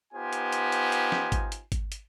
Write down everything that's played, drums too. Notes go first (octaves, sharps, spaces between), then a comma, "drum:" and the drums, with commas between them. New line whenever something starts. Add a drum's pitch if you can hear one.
B3 D#4 F4 G4 C5 G#5
drum: hi-hat
drum: hi-hat
drum: hi-hat
drum: hi-hat
drum: snare
drum: kick G#1, hi-hat
drum: hi-hat
drum: kick G#1, hi-hat
drum: hi-hat